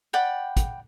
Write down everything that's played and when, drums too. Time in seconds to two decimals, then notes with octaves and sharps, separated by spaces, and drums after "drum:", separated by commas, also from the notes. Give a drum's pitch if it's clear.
0.13 D5 F#5 G5 B5
0.57 drum: kick, hi-hat